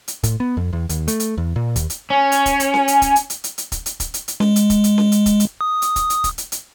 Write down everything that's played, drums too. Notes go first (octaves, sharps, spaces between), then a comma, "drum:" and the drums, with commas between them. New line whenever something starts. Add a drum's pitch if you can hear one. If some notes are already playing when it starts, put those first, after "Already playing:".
drum: hi-hat
A2, drum: kick, hi-hat
B3
F2
E2
D#2, drum: hi-hat
A3, drum: hi-hat
drum: hi-hat
E2
A#2
D#2, drum: kick, hi-hat
drum: hi-hat
C#4
drum: hi-hat
drum: kick, hi-hat
drum: hi-hat
drum: snare C#4
drum: hi-hat
drum: kick, hi-hat
drum: hi-hat
drum: hi-hat
drum: hi-hat
drum: hi-hat
drum: kick, hi-hat
drum: hi-hat
drum: kick, hi-hat
drum: hi-hat
drum: hi-hat
G#3, drum: snare C#4
drum: hi-hat
drum: kick, hi-hat
drum: hi-hat
drum: snare C#4
drum: hi-hat
drum: kick, hi-hat
drum: hi-hat
D#6
drum: hi-hat
drum: kick, hi-hat
drum: hi-hat
drum: kick, hi-hat
drum: hi-hat
drum: hi-hat